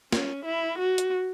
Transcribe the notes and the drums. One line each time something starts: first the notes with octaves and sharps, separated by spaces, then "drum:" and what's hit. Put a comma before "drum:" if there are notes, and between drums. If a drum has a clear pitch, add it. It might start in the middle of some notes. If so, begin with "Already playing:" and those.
C#4, drum: snare
E4
F#4
drum: hi-hat